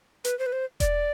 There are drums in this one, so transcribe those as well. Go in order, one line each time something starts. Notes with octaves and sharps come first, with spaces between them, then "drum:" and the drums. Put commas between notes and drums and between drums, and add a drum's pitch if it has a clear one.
B4, drum: hi-hat
C5
B4
C5
D5, drum: kick E1, hi-hat